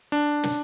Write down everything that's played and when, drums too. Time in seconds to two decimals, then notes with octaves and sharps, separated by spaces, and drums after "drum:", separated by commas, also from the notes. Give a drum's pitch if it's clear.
0.12 D4
0.43 drum: snare